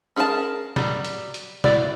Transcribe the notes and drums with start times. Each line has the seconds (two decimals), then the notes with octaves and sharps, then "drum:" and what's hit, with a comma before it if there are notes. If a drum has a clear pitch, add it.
0.16 C#4 G#4 A#4 C#5 A5
0.76 F#3 G3, drum: snare
1.04 drum: hi-hat
1.34 drum: hi-hat
1.64 E4 F#4 D5, drum: snare